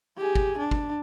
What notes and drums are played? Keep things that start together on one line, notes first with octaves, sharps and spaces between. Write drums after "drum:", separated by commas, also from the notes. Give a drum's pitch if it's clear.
G4 G#4
drum: kick
D4
drum: kick